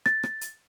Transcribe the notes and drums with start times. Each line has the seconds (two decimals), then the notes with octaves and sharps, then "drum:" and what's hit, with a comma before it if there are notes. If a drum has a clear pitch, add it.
0.06 A6, drum: rim click
0.23 drum: rim click
0.41 drum: hi-hat